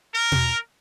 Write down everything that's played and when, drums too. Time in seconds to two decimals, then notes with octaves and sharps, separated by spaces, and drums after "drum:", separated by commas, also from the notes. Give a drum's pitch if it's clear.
0.12 A#4
0.32 drum: tom